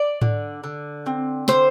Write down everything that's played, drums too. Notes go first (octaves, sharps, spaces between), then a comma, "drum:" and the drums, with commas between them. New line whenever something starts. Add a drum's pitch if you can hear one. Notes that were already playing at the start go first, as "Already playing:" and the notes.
Already playing: D5
D3, drum: tom G#2
D3
C4
D3 C5, drum: snare